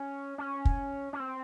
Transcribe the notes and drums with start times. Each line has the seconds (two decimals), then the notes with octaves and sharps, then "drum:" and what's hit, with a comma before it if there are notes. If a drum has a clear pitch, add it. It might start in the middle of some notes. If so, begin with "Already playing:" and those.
Already playing: C#4
0.38 C#4
0.65 drum: kick
1.13 C#4
1.20 C4